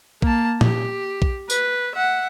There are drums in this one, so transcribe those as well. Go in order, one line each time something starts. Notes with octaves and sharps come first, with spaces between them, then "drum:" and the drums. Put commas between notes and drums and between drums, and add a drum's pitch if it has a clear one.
A#3 A5, drum: kick
G4, drum: tom A#2
drum: kick
B4, drum: tambourine
E5 F#5